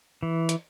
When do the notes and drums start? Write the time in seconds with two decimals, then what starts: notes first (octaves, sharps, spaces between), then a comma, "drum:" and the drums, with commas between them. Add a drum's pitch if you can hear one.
0.23 E3
0.49 drum: hi-hat